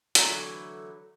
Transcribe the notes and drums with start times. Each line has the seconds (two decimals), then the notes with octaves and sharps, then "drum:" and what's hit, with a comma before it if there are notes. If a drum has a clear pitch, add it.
0.15 D3 E3 F#3 A3 E4 E5, drum: hi-hat